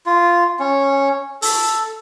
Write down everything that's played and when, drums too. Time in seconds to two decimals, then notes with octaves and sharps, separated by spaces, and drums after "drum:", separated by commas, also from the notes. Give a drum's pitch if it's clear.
0.06 F4
0.59 C#4
1.42 A4, drum: open hi-hat